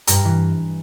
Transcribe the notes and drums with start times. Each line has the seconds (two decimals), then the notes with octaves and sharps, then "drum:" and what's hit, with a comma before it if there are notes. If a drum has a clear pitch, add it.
0.07 G2 A#5, drum: hi-hat
0.25 E3